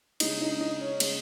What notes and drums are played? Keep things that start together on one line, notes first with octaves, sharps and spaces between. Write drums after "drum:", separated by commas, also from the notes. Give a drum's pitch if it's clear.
C#3 G#3 D#4, drum: cymbal
D#4
D#4
C#4
C#3 G#3, drum: cymbal